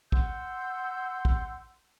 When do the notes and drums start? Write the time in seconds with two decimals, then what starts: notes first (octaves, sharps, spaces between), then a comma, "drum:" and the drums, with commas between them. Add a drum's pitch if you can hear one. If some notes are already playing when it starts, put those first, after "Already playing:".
0.12 F#5 C6 E6 G6, drum: kick
1.25 drum: kick